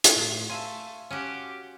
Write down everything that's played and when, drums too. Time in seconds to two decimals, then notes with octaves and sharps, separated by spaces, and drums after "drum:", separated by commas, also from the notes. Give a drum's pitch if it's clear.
0.04 drum: hi-hat
0.16 A2 A3 C7
0.49 A3 F5 G#5 C6
1.11 C#4 F#4 G4